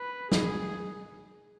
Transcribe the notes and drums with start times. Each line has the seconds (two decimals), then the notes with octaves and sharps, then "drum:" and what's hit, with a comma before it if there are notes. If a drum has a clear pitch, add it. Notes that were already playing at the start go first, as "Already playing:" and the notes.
Already playing: B4
0.32 G#4, drum: snare